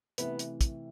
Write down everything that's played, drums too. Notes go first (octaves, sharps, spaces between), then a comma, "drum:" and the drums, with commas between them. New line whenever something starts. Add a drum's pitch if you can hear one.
C3 E3 A3 B3, drum: hi-hat
drum: hi-hat
drum: kick, hi-hat